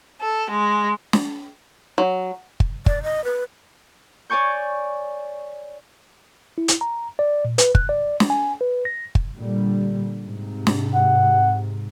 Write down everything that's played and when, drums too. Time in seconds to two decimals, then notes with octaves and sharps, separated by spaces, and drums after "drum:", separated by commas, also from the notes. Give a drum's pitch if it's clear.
0.20 A4
0.49 G#3
1.13 drum: snare
1.98 F#3
2.60 drum: kick
2.86 D5, drum: kick
3.03 D#5
3.24 B4
4.30 C#5 D5 G#5 C#6 G6
6.58 E4
6.68 drum: hi-hat
6.81 A#5
7.19 D5
7.45 A#2
7.58 B4, drum: hi-hat
7.75 F#6, drum: kick
7.89 D5
8.20 drum: snare
8.30 G#5
8.61 B4
8.85 A#6
9.15 drum: kick
9.36 A#2 D3 G3
10.24 G#2 C3
10.67 drum: snare
10.95 F#5